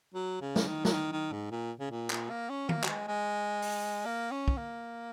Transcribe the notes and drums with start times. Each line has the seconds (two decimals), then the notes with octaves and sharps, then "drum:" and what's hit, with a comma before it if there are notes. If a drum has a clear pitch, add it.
0.14 F#3
0.41 C#3
0.56 drum: snare
0.67 D#3
0.85 F#3, drum: snare
0.92 D#3
1.12 D#3
1.32 G#2
1.51 A#2
1.80 C#3
1.91 A#2
2.10 A#2, drum: clap
2.30 A#3
2.50 C#4
2.69 A#3, drum: tom D#3
2.84 F#3, drum: clap
2.88 G#3
3.08 G#3
3.62 drum: open hi-hat
4.06 A#3
4.31 C#4
4.48 drum: kick
4.57 A#3